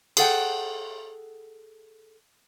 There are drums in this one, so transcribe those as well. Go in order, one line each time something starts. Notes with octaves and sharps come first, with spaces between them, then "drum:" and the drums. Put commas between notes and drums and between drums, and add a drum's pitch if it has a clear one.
G#4 A4 F#5 G5, drum: cymbal